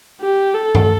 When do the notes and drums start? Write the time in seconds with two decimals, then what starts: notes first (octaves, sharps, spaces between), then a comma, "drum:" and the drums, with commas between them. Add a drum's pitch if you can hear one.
0.21 G4
0.54 A4
0.75 drum: tom G2